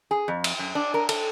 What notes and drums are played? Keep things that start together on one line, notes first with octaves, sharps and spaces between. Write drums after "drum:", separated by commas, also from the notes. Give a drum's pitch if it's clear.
G#4
F2
drum: cymbal
F#2
D4
A#4
A4, drum: cymbal